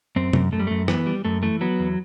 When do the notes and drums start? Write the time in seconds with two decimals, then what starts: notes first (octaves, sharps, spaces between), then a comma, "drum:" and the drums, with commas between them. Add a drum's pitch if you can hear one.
0.16 F#2 C4
0.33 F#2, drum: tom
0.52 F#2 A3
0.59 G3
0.67 F#2 A3
0.88 E3 B3, drum: rim click
1.06 G3
1.25 F#2 A3
1.43 E3 A3
1.61 F#3 B3
1.79 E2